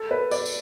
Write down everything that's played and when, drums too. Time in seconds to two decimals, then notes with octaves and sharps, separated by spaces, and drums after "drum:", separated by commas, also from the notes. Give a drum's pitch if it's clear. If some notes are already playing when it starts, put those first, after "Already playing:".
Already playing: A4
0.11 B4
0.31 D5, drum: tambourine
0.46 drum: tambourine